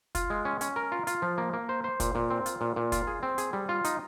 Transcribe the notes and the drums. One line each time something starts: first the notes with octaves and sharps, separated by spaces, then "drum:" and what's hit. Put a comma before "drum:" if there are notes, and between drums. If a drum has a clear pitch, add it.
F4, drum: kick, hi-hat
G#3
C#4
C#4, drum: hi-hat
A#4
F4
F4, drum: hi-hat
F3
A#3
A#3
C5
C5
A#2, drum: kick, hi-hat
A#2
C4
F4, drum: hi-hat
A#2
A#2
F4, drum: kick, hi-hat
G#4
C4
G#4, drum: hi-hat
G3
F4
D#4, drum: hi-hat